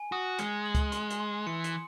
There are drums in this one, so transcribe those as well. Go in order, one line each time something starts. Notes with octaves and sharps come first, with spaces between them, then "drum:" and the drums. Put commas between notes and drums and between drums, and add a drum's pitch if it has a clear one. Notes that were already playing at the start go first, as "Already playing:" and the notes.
Already playing: G#5
F#4 D#6
G#3 C#7, drum: hi-hat
F#7
drum: kick C#2, hi-hat
C6, drum: hi-hat
drum: hi-hat
C6
E3 C#7
drum: hi-hat